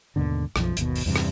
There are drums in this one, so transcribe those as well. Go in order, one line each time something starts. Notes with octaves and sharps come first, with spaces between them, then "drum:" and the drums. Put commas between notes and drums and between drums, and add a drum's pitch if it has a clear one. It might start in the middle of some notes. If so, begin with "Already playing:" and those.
D#2 G#2 B2 D3
B1 F#2 F3, drum: rim click
G1 D#2 B2, drum: hi-hat
drum: open hi-hat
E2 G2 C3
drum: rim click